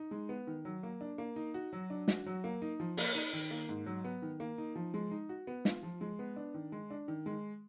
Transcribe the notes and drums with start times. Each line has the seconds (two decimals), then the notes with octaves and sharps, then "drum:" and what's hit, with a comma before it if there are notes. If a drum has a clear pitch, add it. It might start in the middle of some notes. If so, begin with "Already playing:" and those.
Already playing: D#4
0.11 G#3
0.29 B3
0.47 D#3
0.65 F#3
0.83 A#3
1.01 D4
1.18 A#3
1.36 D#4
1.54 F#4
1.73 F#3
1.90 D4
2.08 F#4, drum: snare
2.26 F#3
2.44 A#3
2.62 D#4
2.80 F3
2.97 A#3, drum: open hi-hat
3.15 D#4
3.33 D#3
3.51 A#3
3.69 G#2
3.86 F#3
4.04 B3
4.22 D#3
4.40 A#3
4.58 D#4
4.75 F3
4.94 G#3
5.11 D#4
5.29 F#4
5.47 B3
5.65 F4, drum: snare
5.83 F3
6.01 G#3
6.19 B3
6.36 D4
6.54 D#3
6.72 G#3
6.90 D4
7.08 D#3
7.26 G#3